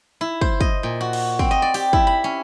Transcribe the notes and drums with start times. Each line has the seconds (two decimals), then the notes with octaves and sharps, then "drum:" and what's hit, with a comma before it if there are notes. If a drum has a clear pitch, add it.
0.21 E4
0.41 C5, drum: kick
0.61 D#5, drum: kick
0.83 A#2
1.01 F#4
1.13 drum: cymbal
1.39 C4, drum: kick
1.51 D#5
1.62 D5
1.74 G4, drum: open hi-hat
1.93 E4, drum: kick
2.07 B5
2.24 C#4